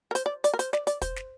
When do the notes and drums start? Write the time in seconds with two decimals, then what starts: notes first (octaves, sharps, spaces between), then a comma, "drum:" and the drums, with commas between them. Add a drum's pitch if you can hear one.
0.11 A#4
0.15 C5, drum: hi-hat
0.26 D5
0.44 D5, drum: hi-hat
0.54 A#4
0.59 C5, drum: hi-hat
0.73 D5, drum: snare
0.87 D5, drum: hi-hat
1.02 C5, drum: kick, hi-hat
1.16 drum: snare